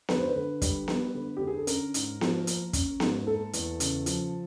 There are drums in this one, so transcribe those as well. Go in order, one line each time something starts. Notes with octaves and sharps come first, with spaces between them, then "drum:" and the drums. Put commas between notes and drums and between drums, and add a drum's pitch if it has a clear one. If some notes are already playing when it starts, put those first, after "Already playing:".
D3 B4, drum: snare B3
C5
B4
D3
G3, drum: kick, hi-hat
B3, drum: snare B3
D3
D3 G4
G#4
A4
C#4 A#4, drum: hi-hat
G#2, drum: hi-hat
F3, drum: snare B3
A#3, drum: hi-hat
C#4, drum: kick, hi-hat
G#2, drum: snare B3
A#3 A4
E2, drum: hi-hat
C#3, drum: hi-hat
F3, drum: hi-hat